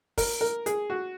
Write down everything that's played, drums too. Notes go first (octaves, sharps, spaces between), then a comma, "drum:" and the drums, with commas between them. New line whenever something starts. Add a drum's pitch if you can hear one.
A#4, drum: kick, open hi-hat
A#4
G#4, drum: hi-hat
F#4